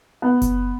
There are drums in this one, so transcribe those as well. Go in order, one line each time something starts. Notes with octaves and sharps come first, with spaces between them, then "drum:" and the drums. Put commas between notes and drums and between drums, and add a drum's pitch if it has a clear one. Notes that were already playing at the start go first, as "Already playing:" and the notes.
B3
drum: kick F#1, hi-hat